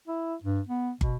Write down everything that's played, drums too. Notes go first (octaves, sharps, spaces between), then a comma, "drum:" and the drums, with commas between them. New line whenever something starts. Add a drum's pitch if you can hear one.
E4
G2
B3
B2, drum: kick